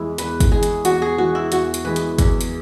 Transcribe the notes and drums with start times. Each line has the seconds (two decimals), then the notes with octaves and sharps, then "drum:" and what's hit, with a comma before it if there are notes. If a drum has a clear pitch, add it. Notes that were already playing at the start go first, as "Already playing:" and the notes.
Already playing: E2 E3 G#3 E4
0.18 E2 B4, drum: hi-hat
0.40 drum: kick, hi-hat
0.52 E3 G#3 G#4
0.63 drum: hi-hat
0.85 E2 F#4, drum: hi-hat
1.02 G#4
1.18 E3 G#3 F#4
1.35 E4
1.52 E2 F#4, drum: hi-hat
1.74 drum: hi-hat
1.85 E3 G#3 B3 B4
1.96 drum: hi-hat
2.18 E2, drum: kick, hi-hat
2.41 drum: hi-hat